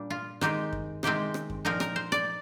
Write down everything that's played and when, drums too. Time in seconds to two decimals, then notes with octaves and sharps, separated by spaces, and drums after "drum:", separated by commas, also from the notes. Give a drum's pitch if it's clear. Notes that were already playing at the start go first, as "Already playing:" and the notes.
Already playing: A#2 G3 D4
0.10 F4
0.41 D#3 G#3 C4 D#4 G4, drum: rim click
0.73 drum: kick F#2
1.03 C3 D#3 G#3 C4 G4, drum: rim click
1.34 drum: rim click
1.50 drum: kick F#2
1.65 A#2 F3 C4 D#4 A#4
1.80 A#4, drum: rim click
1.96 C5
2.12 D5, drum: rim click